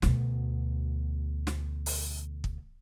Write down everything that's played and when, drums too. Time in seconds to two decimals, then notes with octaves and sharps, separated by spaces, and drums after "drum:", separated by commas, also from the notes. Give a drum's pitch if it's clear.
0.02 D2 B2, drum: snare
1.47 drum: snare
1.86 drum: open hi-hat
2.44 drum: kick